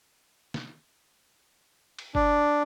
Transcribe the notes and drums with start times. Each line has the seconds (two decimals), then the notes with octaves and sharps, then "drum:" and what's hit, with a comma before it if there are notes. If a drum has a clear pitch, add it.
0.54 drum: snare
1.99 drum: cymbal
2.15 D4, drum: kick G1